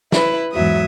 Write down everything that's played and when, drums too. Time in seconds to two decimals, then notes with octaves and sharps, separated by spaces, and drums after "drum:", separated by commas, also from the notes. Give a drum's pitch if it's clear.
0.12 E4 B4, drum: snare
0.52 E2 G#2 F#3 E5 D#6